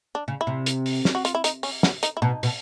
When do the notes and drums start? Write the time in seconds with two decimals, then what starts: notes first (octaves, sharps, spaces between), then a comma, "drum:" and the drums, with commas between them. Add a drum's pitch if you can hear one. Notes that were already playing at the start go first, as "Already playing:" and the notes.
0.15 D4
0.28 C#3
0.41 E4
0.47 C3
0.66 drum: hi-hat
0.86 drum: open hi-hat
1.05 drum: snare
1.15 F#4
1.25 F4, drum: hi-hat
1.35 E4
1.44 D#4, drum: hi-hat
1.63 C#4, drum: open hi-hat
1.83 B3, drum: snare
2.03 D#4, drum: hi-hat
2.17 E4
2.22 B2 D#4
2.43 B2, drum: open hi-hat